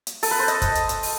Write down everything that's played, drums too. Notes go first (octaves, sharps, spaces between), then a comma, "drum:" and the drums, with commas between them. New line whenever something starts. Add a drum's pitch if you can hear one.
drum: hi-hat
A4, drum: open hi-hat
B4
C5
D#5, drum: hi-hat
drum: kick, hi-hat
drum: hi-hat
drum: hi-hat
drum: open hi-hat